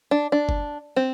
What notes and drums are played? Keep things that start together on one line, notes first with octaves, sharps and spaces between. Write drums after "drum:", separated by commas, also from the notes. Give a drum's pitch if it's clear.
D4
D4
drum: kick F#1
C4